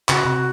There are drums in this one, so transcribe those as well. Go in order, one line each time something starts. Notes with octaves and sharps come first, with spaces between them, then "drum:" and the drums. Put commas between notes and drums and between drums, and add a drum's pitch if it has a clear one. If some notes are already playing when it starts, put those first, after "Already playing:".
C#3 F#4, drum: clap
C3